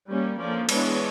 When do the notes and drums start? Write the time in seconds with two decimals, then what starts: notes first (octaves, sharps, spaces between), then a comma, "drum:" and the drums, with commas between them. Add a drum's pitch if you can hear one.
0.09 G3 A#3 C#4
0.38 D3 F3 A#3 C#4 D5
0.69 E3 G#3 B3 D4 C#5, drum: cymbal